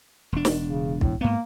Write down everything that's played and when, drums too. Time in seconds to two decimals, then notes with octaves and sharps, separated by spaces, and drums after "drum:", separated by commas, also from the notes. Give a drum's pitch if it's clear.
0.32 E1 D4
0.45 drum: snare
0.66 C#3
1.01 A2, drum: kick
1.21 G#2 A#3 B3